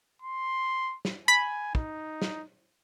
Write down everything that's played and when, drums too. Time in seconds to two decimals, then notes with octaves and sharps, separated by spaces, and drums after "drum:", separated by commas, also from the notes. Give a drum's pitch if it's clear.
0.22 C6
1.05 drum: snare
1.28 G#5 B5
1.75 D#4, drum: kick
2.22 drum: snare